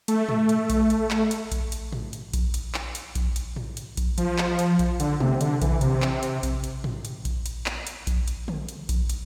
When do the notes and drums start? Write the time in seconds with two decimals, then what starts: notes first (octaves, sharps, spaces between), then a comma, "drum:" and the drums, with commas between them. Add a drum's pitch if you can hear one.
0.08 A3, drum: hi-hat
0.29 drum: tom G#2
0.49 drum: hi-hat
0.70 drum: kick A#1, hi-hat
0.90 drum: hi-hat
1.11 drum: clap
1.31 drum: hi-hat
1.52 drum: kick A#1, hi-hat
1.72 drum: hi-hat
1.93 drum: tom G#2
2.13 drum: hi-hat
2.33 drum: kick A#1, hi-hat
2.54 drum: hi-hat
2.74 drum: clap
2.95 drum: hi-hat
3.15 drum: kick A#1, hi-hat
3.36 drum: hi-hat
3.56 drum: tom G#2
3.77 drum: hi-hat
3.97 drum: kick A#1, hi-hat
4.18 F3, drum: hi-hat
4.38 drum: clap
4.59 drum: hi-hat
4.79 drum: kick A#1, hi-hat
5.00 D3, drum: hi-hat
5.20 C3, drum: tom
5.41 D3, drum: hi-hat
5.62 E3, drum: kick A#1, hi-hat
5.81 C3, drum: hi-hat
6.02 drum: clap
6.23 drum: hi-hat
6.43 drum: kick A#1, hi-hat
6.64 drum: hi-hat
6.84 drum: tom G#2
7.05 drum: hi-hat
7.25 drum: kick A#1, hi-hat
7.46 drum: hi-hat
7.66 drum: clap
7.87 drum: hi-hat
8.07 drum: kick A#1, hi-hat
8.28 drum: hi-hat
8.48 drum: tom
8.69 drum: hi-hat
8.89 drum: kick A#1, hi-hat
9.09 drum: hi-hat